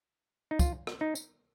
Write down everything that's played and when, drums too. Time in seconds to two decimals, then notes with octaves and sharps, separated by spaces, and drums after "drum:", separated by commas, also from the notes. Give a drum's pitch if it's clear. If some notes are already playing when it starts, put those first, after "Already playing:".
0.51 D#4
0.59 F4, drum: kick, tambourine
0.87 drum: rim click
1.01 D#4
1.15 drum: tambourine